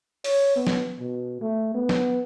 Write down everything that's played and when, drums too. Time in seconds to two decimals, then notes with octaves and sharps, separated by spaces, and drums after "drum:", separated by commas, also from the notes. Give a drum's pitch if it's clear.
0.24 C#5, drum: open hi-hat
0.56 B3
0.67 drum: snare F#3
1.00 B2
1.41 A3
1.74 B3
1.89 drum: snare F#3